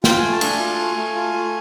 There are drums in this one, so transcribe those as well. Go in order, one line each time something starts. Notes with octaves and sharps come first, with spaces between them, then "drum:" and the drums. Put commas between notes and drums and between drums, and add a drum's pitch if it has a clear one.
F4 G5, drum: snare
A3 G#5
A5
D4 G#5, drum: cymbal
F4
A3
A3
F4
A3